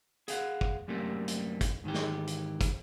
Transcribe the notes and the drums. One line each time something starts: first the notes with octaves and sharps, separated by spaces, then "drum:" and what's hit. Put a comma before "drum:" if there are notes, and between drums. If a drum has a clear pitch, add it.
G#4 F5 F#5, drum: hi-hat
drum: kick
F#2 C3 G3 A3 A#3
drum: hi-hat
drum: kick, hi-hat
G#2 D#3 E3 G4
drum: snare
drum: hi-hat
drum: kick, hi-hat